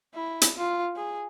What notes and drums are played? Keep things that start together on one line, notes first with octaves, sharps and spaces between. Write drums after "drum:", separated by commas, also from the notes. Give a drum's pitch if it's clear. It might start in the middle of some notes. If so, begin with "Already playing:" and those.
E4
drum: hi-hat
F4
G#4